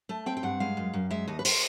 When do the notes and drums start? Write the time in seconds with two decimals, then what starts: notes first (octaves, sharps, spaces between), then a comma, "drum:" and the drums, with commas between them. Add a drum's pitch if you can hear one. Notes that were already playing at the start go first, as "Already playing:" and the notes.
0.09 A3 A5
0.26 C4 G5
0.37 G5
0.43 G2 F#5
0.60 G#3 F5
0.77 F#2
0.94 F#2
1.11 G#3 E5
1.28 D#2 D#5
1.39 B4
1.45 C5, drum: open hi-hat